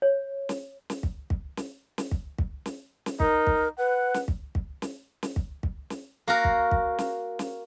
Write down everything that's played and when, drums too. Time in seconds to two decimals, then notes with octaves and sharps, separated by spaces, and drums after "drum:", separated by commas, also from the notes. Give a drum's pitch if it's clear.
0.02 C#5
0.49 drum: snare
0.90 drum: snare
1.03 drum: kick
1.30 drum: kick
1.57 drum: snare
1.98 drum: snare
2.11 drum: kick
2.38 drum: kick
2.66 drum: snare
3.06 drum: snare
3.20 D#4 A#4, drum: kick
3.47 drum: kick
3.78 B4 F#5
4.14 drum: snare
4.28 drum: kick
4.55 drum: kick
4.82 drum: snare
5.23 drum: snare
5.36 drum: kick
5.63 drum: kick
5.90 drum: snare
6.27 A#3 F#4 A#4
6.44 drum: kick
6.71 drum: kick
6.99 drum: snare
7.39 drum: snare